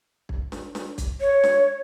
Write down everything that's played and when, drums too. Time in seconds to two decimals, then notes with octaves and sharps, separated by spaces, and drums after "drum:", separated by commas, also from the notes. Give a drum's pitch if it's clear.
0.29 drum: kick
0.52 drum: snare
0.75 drum: snare
0.98 drum: kick, hi-hat
1.21 C#5
1.44 drum: snare